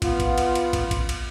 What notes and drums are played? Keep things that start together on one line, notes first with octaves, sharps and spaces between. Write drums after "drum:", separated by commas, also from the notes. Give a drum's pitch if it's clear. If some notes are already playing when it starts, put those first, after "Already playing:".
B3 F4, drum: kick, cymbal
drum: kick, cymbal
drum: cymbal
drum: cymbal
drum: kick, cymbal
drum: kick, cymbal
drum: cymbal